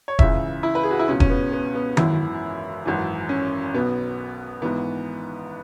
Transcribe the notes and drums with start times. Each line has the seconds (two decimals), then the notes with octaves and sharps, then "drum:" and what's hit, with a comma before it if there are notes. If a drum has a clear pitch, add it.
0.08 C#5
0.19 C#2 C#3 E3 E5, drum: kick E1
0.63 E4
0.75 B4
0.83 G#4
0.91 F#4
0.99 E4
1.08 C#2 B2 C#4
1.20 C#4, drum: kick E1
1.30 B3
1.52 B3
1.75 B3
1.97 G#1 F#2 E3 E4, drum: tom D#3
2.85 G#1 F#2 E3
3.29 C#4
3.74 B1 B2 B3
4.62 G#1 G#2 E3 B3